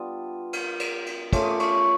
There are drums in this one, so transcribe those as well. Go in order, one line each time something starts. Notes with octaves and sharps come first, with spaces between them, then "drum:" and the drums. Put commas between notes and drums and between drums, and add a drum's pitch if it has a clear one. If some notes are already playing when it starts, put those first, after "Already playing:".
Already playing: G3 B3 D4 F4 D#6
drum: cymbal
drum: cymbal
drum: cymbal
A3 C#4 F4 D6, drum: kick, cymbal
D#6
D6
C#6, drum: cymbal